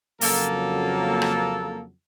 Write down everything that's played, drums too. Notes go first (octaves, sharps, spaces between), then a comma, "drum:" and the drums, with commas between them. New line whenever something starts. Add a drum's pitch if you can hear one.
F2 C#3 F#3 A#3 A4, drum: open hi-hat
drum: rim click